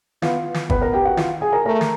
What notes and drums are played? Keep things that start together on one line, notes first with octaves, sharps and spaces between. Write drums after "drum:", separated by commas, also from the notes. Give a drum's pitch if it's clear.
B3 F4 F5, drum: snare
drum: snare
B3 B4 B5, drum: kick
A#4 A#5
G4 G5
F#4 F#5
F4 F5, drum: snare
G#4 G#5
A#4 A#5
A3 A#4 A#5
drum: snare